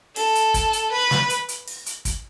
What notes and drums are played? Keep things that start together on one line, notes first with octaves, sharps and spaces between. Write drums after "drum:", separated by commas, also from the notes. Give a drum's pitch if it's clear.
A4, drum: open hi-hat
drum: hi-hat
drum: kick, hi-hat
drum: hi-hat
B4
drum: snare
drum: hi-hat
drum: hi-hat
drum: open hi-hat
drum: hi-hat
drum: kick, hi-hat